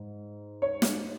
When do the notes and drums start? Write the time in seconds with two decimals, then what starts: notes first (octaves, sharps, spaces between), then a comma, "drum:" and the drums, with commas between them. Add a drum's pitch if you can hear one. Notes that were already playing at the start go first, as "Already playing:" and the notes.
Already playing: G#2
0.62 C#5
0.82 drum: snare